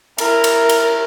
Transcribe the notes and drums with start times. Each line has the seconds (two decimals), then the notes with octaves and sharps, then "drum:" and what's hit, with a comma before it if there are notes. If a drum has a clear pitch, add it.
0.18 E4 A#4, drum: cymbal
0.44 drum: cymbal
0.69 drum: cymbal